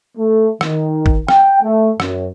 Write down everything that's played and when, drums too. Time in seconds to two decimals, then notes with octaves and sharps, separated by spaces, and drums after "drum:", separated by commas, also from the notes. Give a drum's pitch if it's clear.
0.17 A3
0.61 D#3, drum: rim click
1.06 drum: kick
1.28 G5, drum: rim click
1.62 A3
2.00 F#2, drum: rim click